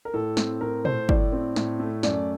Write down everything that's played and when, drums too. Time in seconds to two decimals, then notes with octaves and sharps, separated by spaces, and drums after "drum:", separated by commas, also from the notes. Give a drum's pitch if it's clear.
0.05 A#4
0.14 A2 A4
0.37 C4, drum: snare
0.61 A2 A#4
0.85 A3 C5, drum: tom
1.09 A2 D5, drum: kick
1.32 C4
1.56 A2, drum: snare
1.80 A3
2.03 F#2 D5, drum: snare